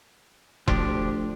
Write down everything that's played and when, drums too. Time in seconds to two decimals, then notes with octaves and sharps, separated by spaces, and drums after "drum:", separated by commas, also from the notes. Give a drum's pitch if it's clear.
0.68 D2 F3 D4 G4, drum: kick E1